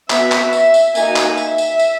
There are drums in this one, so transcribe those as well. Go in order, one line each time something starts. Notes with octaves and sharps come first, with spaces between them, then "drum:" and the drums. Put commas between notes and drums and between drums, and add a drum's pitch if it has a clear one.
B3 F#4 E5, drum: clap
drum: clap
E5, drum: tambourine
drum: tambourine
A#3 D#4 F#4 G#5, drum: tambourine
drum: clap
E5, drum: tambourine
drum: tambourine
drum: tambourine